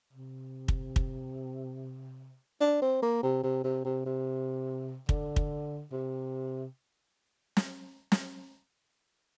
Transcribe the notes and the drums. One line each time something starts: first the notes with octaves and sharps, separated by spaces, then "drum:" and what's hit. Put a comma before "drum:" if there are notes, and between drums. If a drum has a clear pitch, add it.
C3
drum: kick
drum: kick
D4
C4
A#3
C3
C3
C3
C3
C3
D3, drum: kick
drum: kick
C3
drum: snare
drum: snare